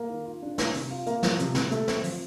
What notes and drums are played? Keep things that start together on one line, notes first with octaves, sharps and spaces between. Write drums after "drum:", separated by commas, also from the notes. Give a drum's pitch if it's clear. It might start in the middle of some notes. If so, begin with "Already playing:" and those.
Already playing: A#3
D#3
F4
D4
D#3, drum: snare
C3, drum: open hi-hat
F4
A#3, drum: hi-hat
F3, drum: snare
C3, drum: hi-hat
C3, drum: snare
A3, drum: hi-hat
C4, drum: snare
F3, drum: open hi-hat